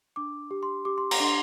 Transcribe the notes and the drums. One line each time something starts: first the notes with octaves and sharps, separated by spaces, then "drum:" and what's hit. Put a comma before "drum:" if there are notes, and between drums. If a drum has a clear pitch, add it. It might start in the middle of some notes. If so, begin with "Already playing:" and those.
D4 D6
G4
C6
G4 D6
C6
A#5, drum: cymbal
D4 C6